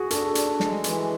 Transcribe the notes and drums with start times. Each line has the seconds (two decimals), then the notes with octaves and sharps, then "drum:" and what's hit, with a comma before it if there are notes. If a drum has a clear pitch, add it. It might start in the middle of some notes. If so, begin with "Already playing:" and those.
Already playing: F#4 G#4
0.10 D4 A4, drum: hi-hat
0.35 D4, drum: hi-hat
0.60 G#3, drum: snare
0.84 E3, drum: hi-hat